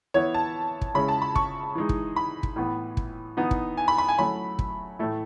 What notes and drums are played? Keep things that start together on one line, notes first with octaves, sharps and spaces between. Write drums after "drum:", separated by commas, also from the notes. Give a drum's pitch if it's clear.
E3 B3 E4 C#5
A5
drum: kick
C#3 G#3 C#4 E4 B5
A5
B5
C#6, drum: kick
E3 G#3 D#4
drum: kick
B5
drum: kick
A2 E3 B3
drum: kick
E3 B3 D#4
drum: kick
G#5
B5
B5
G#5
F#3 A3 C#4 E4 B5
drum: kick
A2 E3 A3 E4